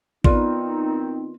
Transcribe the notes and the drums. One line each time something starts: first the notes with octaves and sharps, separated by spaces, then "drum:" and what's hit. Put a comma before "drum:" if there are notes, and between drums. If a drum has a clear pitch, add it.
D#3 B3 C4 D#4 F4 A#4 B4 D5, drum: kick A1